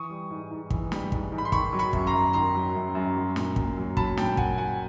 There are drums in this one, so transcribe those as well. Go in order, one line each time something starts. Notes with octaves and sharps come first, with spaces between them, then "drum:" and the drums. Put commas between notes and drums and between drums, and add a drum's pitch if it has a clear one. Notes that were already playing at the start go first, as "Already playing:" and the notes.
Already playing: E3 C#6 D#6
G3
G#2
G#2
E3, drum: kick
G3, drum: snare
G#2, drum: kick
G#2
B5
C6
D#3 B5 C#6, drum: kick
F#3
B5 C#6
F#2, drum: kick
A#5 C6
F#2
D#3 A#5 C6
F#3
F#2
F#2
F#3
A#2, drum: snare
A#2, drum: kick
F#3
F#3 A5 B5, drum: kick
A#2 G5 A5, drum: snare
A#2 F#5 G#5, drum: kick
F#3 F#5 G#5